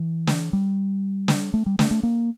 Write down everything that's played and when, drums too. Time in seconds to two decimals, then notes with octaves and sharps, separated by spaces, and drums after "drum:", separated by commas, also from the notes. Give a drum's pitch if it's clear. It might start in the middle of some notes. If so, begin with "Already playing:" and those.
Already playing: E3
0.27 drum: snare
0.53 G3
1.28 drum: snare
1.54 A3
1.66 G3
1.79 A3, drum: snare
1.91 A3
2.03 A#3